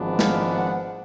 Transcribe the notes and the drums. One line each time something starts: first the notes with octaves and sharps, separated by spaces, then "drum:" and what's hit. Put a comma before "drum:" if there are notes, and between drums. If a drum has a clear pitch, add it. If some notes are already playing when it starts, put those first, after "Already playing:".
Already playing: G#1 G#2 F3 B3 D4
F5, drum: snare
F#5